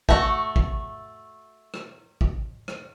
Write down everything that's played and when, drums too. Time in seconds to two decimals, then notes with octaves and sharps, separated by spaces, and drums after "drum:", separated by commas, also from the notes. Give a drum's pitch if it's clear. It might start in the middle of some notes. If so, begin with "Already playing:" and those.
0.09 A3 F#4, drum: kick
0.56 drum: kick
1.74 drum: rim click
2.21 drum: kick
2.68 drum: rim click